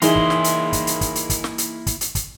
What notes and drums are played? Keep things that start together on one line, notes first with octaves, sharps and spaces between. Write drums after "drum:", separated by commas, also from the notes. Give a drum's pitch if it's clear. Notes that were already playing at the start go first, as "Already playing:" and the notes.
E3 A#3 D#4 E4 G#4 C6, drum: hi-hat
drum: kick
drum: snare
drum: hi-hat
drum: kick, hi-hat
drum: hi-hat
drum: kick, hi-hat
drum: hi-hat
drum: kick, hi-hat
drum: snare
drum: hi-hat
drum: kick, hi-hat
drum: hi-hat
drum: kick, hi-hat